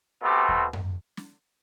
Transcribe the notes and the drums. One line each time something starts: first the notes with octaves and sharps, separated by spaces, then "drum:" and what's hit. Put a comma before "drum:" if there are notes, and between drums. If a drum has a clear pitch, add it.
B2 A3 C4 G4
drum: kick D#2
drum: tom F#2
drum: snare